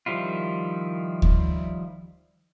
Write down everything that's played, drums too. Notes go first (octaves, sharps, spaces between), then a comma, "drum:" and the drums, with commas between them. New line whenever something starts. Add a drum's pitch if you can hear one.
D#3 F3 G3 E4 F4
drum: kick D2